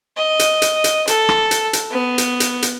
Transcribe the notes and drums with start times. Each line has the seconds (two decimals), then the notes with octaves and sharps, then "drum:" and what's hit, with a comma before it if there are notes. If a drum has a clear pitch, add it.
0.17 D#5
0.39 drum: hi-hat
0.62 drum: hi-hat
0.84 drum: hi-hat
1.07 A4, drum: hi-hat
1.29 drum: rim click
1.51 drum: hi-hat
1.73 drum: hi-hat
1.91 B3
2.18 drum: hi-hat
2.40 drum: hi-hat
2.62 drum: hi-hat